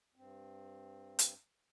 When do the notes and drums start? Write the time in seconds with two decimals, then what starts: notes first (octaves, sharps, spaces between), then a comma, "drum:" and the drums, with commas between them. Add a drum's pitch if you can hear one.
0.16 G2 C4
1.19 drum: hi-hat